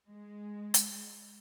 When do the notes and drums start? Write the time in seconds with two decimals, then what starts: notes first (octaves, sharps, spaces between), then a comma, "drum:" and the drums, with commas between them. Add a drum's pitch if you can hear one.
0.10 G#3
0.74 drum: hi-hat